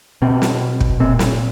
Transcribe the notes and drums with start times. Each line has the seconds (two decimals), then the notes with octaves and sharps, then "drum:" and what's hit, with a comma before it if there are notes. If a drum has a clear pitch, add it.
0.22 B2 C4
0.42 drum: snare
0.80 drum: kick
1.00 A#2 C4
1.19 drum: snare